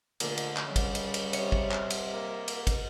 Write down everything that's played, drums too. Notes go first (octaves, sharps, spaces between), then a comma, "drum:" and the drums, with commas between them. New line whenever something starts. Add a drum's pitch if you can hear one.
A#2 D3 A3, drum: cymbal
drum: cymbal
drum: clap
C#3 G3
drum: kick, cymbal
drum: cymbal
drum: cymbal
C3 C#5, drum: cymbal
drum: kick
drum: clap
drum: cymbal
A#3
drum: cymbal
drum: kick, cymbal